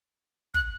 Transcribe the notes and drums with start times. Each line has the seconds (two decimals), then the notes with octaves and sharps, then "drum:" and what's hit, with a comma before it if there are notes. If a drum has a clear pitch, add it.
0.54 F#6, drum: kick